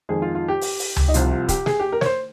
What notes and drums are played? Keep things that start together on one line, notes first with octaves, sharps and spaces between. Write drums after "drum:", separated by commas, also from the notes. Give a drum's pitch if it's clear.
F2 D#3 G#3 G#4
F4
F4
G4
drum: open hi-hat
drum: open hi-hat
drum: tom C#2
D#4
C2 C3 F3 F4, drum: hi-hat
F4
G4, drum: kick, hi-hat
G#4, drum: snare
G4
A#4
C#5, drum: snare
C5